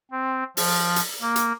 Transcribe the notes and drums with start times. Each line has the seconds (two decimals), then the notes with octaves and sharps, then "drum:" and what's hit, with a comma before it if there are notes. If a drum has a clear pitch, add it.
0.11 C4
0.57 F3, drum: open hi-hat
0.96 drum: hi-hat
1.21 A#3
1.36 drum: hi-hat